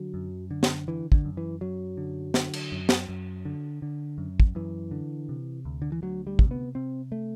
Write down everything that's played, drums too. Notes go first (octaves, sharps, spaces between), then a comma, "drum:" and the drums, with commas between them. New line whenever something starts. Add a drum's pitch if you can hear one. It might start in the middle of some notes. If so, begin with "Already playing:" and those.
Already playing: D3 F#3
F#2
D3
drum: snare
D3 E3
D3, drum: kick
F#2
E3
F#2 F#3
D3
D3, drum: snare
drum: cymbal
F#2
drum: snare
F#2
D3
D3
F#2
drum: kick
F#2 E3
D3
C3
D2
D3
E3
D2 F#3
G3
C3, drum: kick
B3
C3 C4
A3